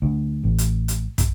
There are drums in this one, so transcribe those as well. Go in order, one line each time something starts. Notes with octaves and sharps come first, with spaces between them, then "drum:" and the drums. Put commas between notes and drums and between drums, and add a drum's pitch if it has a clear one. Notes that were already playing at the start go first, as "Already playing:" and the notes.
D2
A1
drum: hi-hat
drum: hi-hat
drum: kick, hi-hat